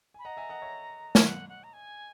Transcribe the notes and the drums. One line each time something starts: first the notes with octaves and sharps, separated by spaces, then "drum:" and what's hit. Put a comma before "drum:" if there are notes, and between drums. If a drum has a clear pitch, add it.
G#5 B5
D#5 F#5 A#5
E5 G#5
D#5 F#5
C#5 E5
drum: snare
F#5
F#5
A#5
G#5